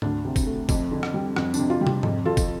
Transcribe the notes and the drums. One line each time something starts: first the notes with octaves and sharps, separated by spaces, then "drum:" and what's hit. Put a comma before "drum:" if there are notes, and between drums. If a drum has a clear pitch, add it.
D2 D4, drum: tom G#2
C3
drum: kick, tambourine
A3
F2, drum: kick, tambourine
D3
drum: rim click
G3
F2, drum: rim click
D4, drum: tambourine
C3
F4
G3
F4, drum: tom
F2, drum: tom G#2
F3 F4 A4
drum: kick, tambourine